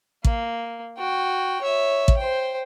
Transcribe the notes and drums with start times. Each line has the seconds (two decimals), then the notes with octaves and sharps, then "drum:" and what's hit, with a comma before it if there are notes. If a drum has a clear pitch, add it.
0.25 A#3, drum: kick
0.98 F#4 G5
1.62 C#5 E5
2.08 drum: kick
2.17 C5 G5